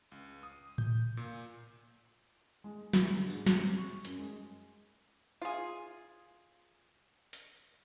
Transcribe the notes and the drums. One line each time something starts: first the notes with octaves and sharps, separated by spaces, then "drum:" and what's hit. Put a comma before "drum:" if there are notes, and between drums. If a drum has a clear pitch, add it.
C#2
D#6
G6, drum: tom A2
A#2
G#3
E3, drum: snare
D3
G#2, drum: tambourine
drum: snare
C4
C#6
F#2, drum: hi-hat
G#3
F4 G#4
drum: hi-hat